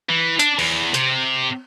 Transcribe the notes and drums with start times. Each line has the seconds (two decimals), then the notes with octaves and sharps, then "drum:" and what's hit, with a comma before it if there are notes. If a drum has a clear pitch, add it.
0.09 E3
0.39 D4, drum: hi-hat
0.59 E2, drum: cymbal
0.94 C3, drum: hi-hat